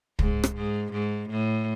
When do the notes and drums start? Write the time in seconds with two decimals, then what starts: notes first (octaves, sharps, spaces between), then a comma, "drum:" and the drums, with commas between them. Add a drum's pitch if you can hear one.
0.19 G#2, drum: kick
0.44 drum: rim click
0.56 G#2
0.93 G#2
1.30 A2